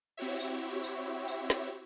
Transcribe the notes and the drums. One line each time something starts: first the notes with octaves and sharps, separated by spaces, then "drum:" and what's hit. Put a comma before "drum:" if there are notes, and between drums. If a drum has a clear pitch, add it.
C4 E4 F#4 G4 C#5 E5
drum: tambourine
drum: tambourine
drum: tambourine
drum: snare